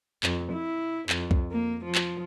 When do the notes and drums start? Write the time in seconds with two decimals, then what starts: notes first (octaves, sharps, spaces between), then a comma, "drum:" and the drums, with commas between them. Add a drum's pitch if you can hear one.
0.23 F2, drum: clap
0.52 E4
1.09 F2, drum: clap
1.31 drum: kick C2
1.52 A#3
1.85 F3
1.95 drum: clap